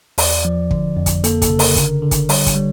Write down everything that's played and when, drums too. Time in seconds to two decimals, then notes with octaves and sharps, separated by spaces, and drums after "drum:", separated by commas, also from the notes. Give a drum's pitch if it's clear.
0.18 E2 D5, drum: open hi-hat
0.45 F3
0.71 D3, drum: kick
0.97 F2
1.06 drum: kick, hi-hat
1.24 A#3 A4, drum: hi-hat
1.42 A4, drum: kick, hi-hat
1.50 C#3
1.59 A#4, drum: open hi-hat
1.76 D3, drum: kick, hi-hat
2.02 D3
2.11 drum: kick, hi-hat
2.29 G3 C#5, drum: open hi-hat
2.46 drum: kick, hi-hat
2.56 G3